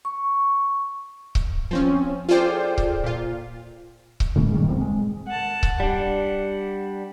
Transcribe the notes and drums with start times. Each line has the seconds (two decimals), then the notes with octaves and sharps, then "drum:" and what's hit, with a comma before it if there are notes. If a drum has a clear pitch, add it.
0.05 C#6
1.35 drum: kick C#1
1.71 F3 C4 C#4
2.29 F4 G#4 A4 C5 D5 G5
2.78 drum: kick C#1
3.04 A#2 F4
4.20 drum: kick C#1
4.36 A2 C#3 G#3 A#3
4.54 F#2 A#2 D#3 G3
4.68 D1 C4
4.81 G#3
5.27 F#5 A5
5.63 drum: kick C#1
5.80 G3 D4 F#5